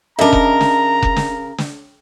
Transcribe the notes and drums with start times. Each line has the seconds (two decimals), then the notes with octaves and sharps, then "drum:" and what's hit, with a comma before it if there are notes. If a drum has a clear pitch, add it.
0.19 C#3 D4 A#4 D#5 E5 A#5
0.33 drum: kick F1
0.61 drum: snare
1.02 drum: kick F1
1.16 drum: snare
1.58 drum: snare